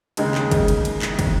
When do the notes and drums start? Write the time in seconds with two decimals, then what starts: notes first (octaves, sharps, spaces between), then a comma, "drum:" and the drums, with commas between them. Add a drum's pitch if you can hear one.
0.17 D#2 C#3 G#3 D#4, drum: cymbal
0.35 drum: clap
0.51 drum: kick, cymbal
0.68 drum: cymbal
0.85 drum: cymbal
1.02 drum: clap
1.19 drum: kick, cymbal